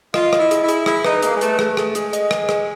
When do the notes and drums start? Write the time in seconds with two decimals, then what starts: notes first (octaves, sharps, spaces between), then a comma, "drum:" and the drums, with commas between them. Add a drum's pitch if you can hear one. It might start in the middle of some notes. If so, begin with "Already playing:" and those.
0.14 F4 D#5, drum: rim click
0.33 D#5, drum: rim click
0.39 E4
0.51 G#4, drum: hi-hat
0.63 E4
0.68 G#4, drum: hi-hat
0.86 E4 G#4, drum: rim click
1.05 D#4 B4, drum: rim click
1.22 A#3 G#4, drum: hi-hat
1.36 G#3
1.41 A3 B4, drum: hi-hat
1.59 A3 G#4, drum: rim click
1.77 G#4, drum: rim click
1.95 G#3 G#4, drum: hi-hat
2.13 D#5, drum: hi-hat
2.31 D#5, drum: rim click
2.49 G#4, drum: rim click